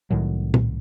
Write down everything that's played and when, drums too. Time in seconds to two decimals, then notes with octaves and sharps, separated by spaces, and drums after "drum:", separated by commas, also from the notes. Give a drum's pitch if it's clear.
0.11 C2 A2 D#3 F#3
0.54 drum: tom A#2